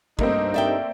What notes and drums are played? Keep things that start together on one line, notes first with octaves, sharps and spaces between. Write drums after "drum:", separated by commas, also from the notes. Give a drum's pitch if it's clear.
G2 A3 A#3 C4 D#4, drum: kick
D5 E5 G5